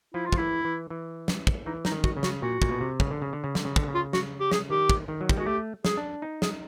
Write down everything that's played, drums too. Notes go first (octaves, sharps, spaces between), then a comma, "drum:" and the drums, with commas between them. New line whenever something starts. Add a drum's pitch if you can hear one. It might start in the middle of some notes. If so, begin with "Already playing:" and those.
F3 E4
F4
F3, drum: kick
E3 E4
E3
E3
drum: snare
drum: kick
E3 D#4
D#4, drum: snare
D#3
F#4, drum: kick
C#3
F#4, drum: snare
A#2 F#4
A#2, drum: kick
B2
C3
C#3, drum: kick
D3
C#3
D3
C#3
D3, drum: snare
C#3
D3, drum: kick
C#3
F4
F#4, drum: snare
G4
G#4, drum: snare
D#3 G4
drum: kick
D#3
F#3
G3, drum: kick
G#3 F#4
A3 G4
G#4, drum: snare
D4
D#4
G#4, drum: snare